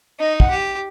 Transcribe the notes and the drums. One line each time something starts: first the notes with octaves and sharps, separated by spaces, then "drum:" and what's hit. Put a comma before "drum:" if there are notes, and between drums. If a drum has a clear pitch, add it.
D#4 D#5
F#5, drum: kick
G4